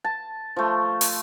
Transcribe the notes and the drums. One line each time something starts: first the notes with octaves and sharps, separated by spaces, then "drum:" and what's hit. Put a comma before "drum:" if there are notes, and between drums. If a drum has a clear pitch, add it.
A5
F3 A3
drum: open hi-hat